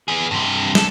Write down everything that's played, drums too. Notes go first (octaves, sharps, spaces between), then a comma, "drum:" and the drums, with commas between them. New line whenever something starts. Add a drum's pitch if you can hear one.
B3 G#4
G2 C3
A4, drum: snare